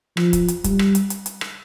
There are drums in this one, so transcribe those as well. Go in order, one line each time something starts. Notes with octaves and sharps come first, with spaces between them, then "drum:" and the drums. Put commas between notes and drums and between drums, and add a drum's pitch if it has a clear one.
F3, drum: rim click
drum: kick, hi-hat
drum: hi-hat
G3, drum: kick, hi-hat
drum: rim click
drum: hi-hat
drum: hi-hat
drum: hi-hat
drum: rim click